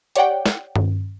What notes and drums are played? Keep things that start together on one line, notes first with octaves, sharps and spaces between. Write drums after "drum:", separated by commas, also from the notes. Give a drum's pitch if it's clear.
G4 C#5 D5 F#5 G5, drum: hi-hat
drum: snare
drum: tom G2